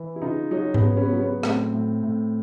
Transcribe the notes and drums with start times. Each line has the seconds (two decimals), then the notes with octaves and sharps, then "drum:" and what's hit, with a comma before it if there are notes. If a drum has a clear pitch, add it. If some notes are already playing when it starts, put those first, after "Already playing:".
Already playing: E3
0.16 E4
0.21 C#3 D#4 F4
0.51 F#3 C#4 D#4
0.74 B3 C#4, drum: tom G#2
0.82 C#3
0.97 B3 C#4
1.12 F#3
1.20 B3
1.43 A2 C4, drum: rim click
1.74 A2
2.03 A2